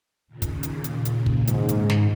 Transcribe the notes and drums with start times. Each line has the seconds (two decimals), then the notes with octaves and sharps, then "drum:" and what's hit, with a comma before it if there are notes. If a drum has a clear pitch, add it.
0.27 D#2 A#2 C#3
0.42 drum: kick, hi-hat
0.63 drum: hi-hat
0.84 drum: hi-hat
1.05 drum: hi-hat
1.26 drum: kick
1.47 G#2, drum: hi-hat
1.69 drum: hi-hat
1.90 drum: snare